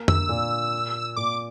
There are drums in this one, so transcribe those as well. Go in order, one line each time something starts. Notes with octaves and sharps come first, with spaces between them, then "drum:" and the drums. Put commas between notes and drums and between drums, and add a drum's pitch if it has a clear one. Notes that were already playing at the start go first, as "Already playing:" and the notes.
Already playing: A#3
D3 E6, drum: tom F2
A#2
A#2 D6